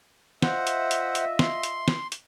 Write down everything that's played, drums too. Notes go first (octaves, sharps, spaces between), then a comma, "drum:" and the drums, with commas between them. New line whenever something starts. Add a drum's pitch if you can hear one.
F4 C5 D#5 E5 F#5, drum: snare
drum: hi-hat
drum: hi-hat
drum: hi-hat
C6, drum: snare
drum: hi-hat
drum: snare
drum: hi-hat